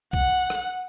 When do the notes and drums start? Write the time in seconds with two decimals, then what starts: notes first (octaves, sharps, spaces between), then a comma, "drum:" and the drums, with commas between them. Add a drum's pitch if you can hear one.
0.13 F#5, drum: kick B1
0.50 drum: rim click